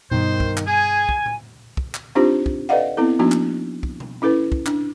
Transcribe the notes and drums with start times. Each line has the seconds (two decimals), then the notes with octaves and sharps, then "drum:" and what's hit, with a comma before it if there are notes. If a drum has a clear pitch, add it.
0.11 G2 B2 D#3 C5
0.40 drum: kick
0.57 drum: clap
0.67 G#4 G#5 G#6
1.09 drum: kick
1.26 drum: tom A2
1.77 drum: kick
1.94 drum: clap
2.15 C4 D4 D#4 F4 G4 C5
2.46 drum: kick
2.69 A4 B4 D5 D#5 F5 F#5
2.97 B3 C4 E4 A4
3.19 F3 A#3 B3 D4 D#4 F#4
3.32 drum: clap
3.83 drum: kick
4.00 drum: tom B2
4.22 C#4 E4 A4 B4
4.52 drum: kick
4.66 D4, drum: clap